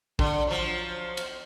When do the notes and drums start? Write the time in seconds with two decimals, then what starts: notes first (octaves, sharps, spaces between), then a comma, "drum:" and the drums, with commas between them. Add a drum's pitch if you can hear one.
0.19 D3, drum: kick A1
0.47 F3 F#3
1.17 drum: cymbal